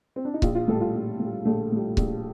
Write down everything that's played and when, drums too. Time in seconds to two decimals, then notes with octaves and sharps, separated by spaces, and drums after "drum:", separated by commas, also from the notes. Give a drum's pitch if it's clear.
0.16 C4
0.25 D4
0.34 D#4
0.42 A#1 F4, drum: kick C#1
0.55 F4
0.68 A2 A4
0.73 G3
0.81 F4
0.95 A#1
1.19 A2 G3
1.45 A#1 A3
1.72 A2 G3
1.97 A#1, drum: kick C#1